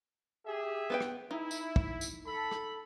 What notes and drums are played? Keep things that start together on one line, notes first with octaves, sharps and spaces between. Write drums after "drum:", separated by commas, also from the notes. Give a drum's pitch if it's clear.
G4 G#4 E5
B3 B4 G5
drum: rim click
D#4 E4
drum: tambourine
drum: kick
drum: tambourine
A4 B5
drum: rim click